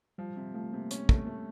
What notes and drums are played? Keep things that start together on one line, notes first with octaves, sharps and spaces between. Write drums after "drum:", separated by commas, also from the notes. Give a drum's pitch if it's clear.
F3 G3
C3
F3 A3
C3 A#3
C#4, drum: hi-hat
A3, drum: kick
A3